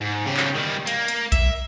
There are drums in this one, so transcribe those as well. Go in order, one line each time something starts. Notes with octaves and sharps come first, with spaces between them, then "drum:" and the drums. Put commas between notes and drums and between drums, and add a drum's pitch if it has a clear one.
G#2
C#3 G4
drum: clap
D#3 G3
A#3, drum: hi-hat
drum: hi-hat
E5, drum: kick A#1, hi-hat